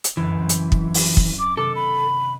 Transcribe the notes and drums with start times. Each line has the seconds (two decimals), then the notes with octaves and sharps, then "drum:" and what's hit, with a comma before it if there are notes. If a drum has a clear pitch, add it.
0.04 drum: hi-hat
0.17 G1 C#2 F#2 E3
0.38 F#3 C4
0.49 drum: hi-hat
0.72 drum: kick
0.94 drum: open hi-hat
1.17 drum: kick
1.39 D6
1.57 C3 D#3 B3 A4 D6
1.76 B5